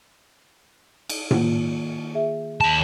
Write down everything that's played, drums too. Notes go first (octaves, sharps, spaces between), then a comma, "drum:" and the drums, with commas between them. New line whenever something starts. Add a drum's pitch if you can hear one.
drum: cymbal
D#3 A#3 F4, drum: tom A2
G#4 E5
D#2 A5